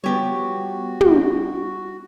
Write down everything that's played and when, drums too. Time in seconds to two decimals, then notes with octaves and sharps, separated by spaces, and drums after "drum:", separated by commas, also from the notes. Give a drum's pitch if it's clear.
0.04 F3 G3 B3 F#4 G4 C#5
1.01 drum: tom